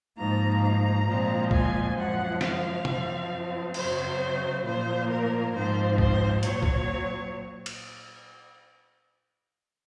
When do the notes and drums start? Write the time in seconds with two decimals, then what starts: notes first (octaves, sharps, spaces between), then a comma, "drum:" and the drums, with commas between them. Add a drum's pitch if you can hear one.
0.16 G#2 F3 A#3 A#5
0.61 A#5
1.06 A#2 F3 G#3 C4
1.51 G#5, drum: kick C2
1.96 F#2 F3 G#3 F#5
2.41 F5, drum: snare
2.85 F#2 F3 C4, drum: tom
3.74 F#2 C#3 F#3 C4 C5, drum: cymbal
4.64 A#2 F3 A#3 C5
5.09 A#4
5.54 G#2 F3 C4 C5
5.98 C5, drum: kick C2
6.43 A#2 F#3 C4 C#5, drum: hi-hat
6.63 drum: kick C2
7.66 drum: cymbal